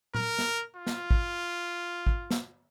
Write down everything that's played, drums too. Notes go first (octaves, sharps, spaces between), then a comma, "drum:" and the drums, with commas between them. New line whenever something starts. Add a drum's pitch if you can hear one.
A#4, drum: tom A#2
drum: snare
F4
drum: snare
drum: kick
drum: kick
drum: snare